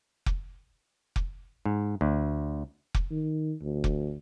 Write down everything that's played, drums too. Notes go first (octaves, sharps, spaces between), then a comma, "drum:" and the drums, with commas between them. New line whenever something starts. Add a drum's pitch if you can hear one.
drum: kick F1
drum: kick F1
G#2
D2
drum: kick F1
D#3
D2
drum: kick F1